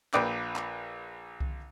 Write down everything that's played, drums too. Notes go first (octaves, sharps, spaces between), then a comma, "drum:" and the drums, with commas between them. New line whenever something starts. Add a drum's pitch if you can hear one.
A#1 B4 G5 D6, drum: clap
drum: clap
drum: kick C2